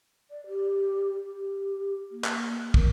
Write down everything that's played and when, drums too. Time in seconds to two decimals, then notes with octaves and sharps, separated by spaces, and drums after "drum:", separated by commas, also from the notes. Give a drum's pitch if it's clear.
0.31 D5
0.47 G4
1.28 G4
2.11 A#3
2.25 drum: clap
2.74 A#4, drum: kick